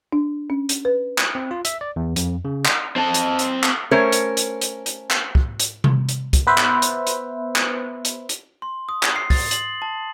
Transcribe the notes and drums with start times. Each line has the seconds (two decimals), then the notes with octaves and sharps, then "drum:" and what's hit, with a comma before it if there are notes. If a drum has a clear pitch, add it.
0.12 D4
0.50 C#4
0.69 drum: hi-hat
0.85 B4
1.18 drum: clap
1.35 C4
1.51 F4
1.65 E5, drum: hi-hat
1.81 D5
1.96 E2
2.16 F2, drum: hi-hat
2.45 C#3
2.65 drum: clap
2.96 C4 A5
3.14 drum: hi-hat
3.39 drum: hi-hat
3.63 drum: clap
3.91 A3 C#4 A#4 C5 C#5
4.12 drum: hi-hat
4.37 drum: hi-hat
4.61 drum: hi-hat
4.86 drum: hi-hat
5.11 drum: clap
5.35 drum: kick
5.60 drum: hi-hat
5.84 drum: tom C3
6.09 drum: hi-hat
6.33 drum: kick, hi-hat
6.47 B3 B4 C5 E5
6.58 drum: clap
6.82 drum: hi-hat
7.07 drum: hi-hat
7.56 drum: clap
8.05 drum: hi-hat
8.29 drum: hi-hat
8.62 C6
8.89 D#6
9.03 drum: clap
9.16 C7
9.30 A6, drum: kick, open hi-hat
9.51 F#7, drum: hi-hat
9.82 A5